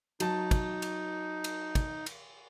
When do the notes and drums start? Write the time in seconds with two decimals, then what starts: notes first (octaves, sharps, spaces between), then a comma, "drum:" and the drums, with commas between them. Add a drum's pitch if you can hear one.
0.20 F#3 D#4 A5, drum: cymbal
0.51 drum: kick, cymbal
0.82 drum: cymbal
1.44 drum: cymbal
1.75 drum: kick, cymbal
2.06 drum: cymbal